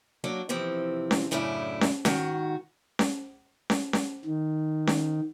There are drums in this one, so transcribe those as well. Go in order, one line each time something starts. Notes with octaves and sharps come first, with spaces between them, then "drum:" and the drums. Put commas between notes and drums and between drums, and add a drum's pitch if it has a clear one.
F#3 A#3 D4
C3 E3 F3 C4
drum: snare C#4
F#2 A2 C#3 A3 D4 E4
drum: snare C#4
G#2 D#3 F#4, drum: snare C#4
drum: snare C#4
drum: snare C#4
drum: snare C#4
D#3
drum: snare C#4